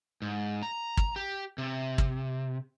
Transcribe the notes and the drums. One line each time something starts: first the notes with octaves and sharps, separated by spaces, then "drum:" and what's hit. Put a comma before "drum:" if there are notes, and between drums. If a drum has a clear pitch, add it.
G#2
A#5
drum: kick
G4
C3
drum: kick